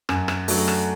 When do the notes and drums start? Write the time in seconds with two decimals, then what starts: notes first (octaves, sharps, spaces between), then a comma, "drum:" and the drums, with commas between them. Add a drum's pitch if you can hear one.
0.09 F#2, drum: rim click
0.28 drum: rim click
0.48 F#3 A3 D4 F#4, drum: open hi-hat
0.68 drum: rim click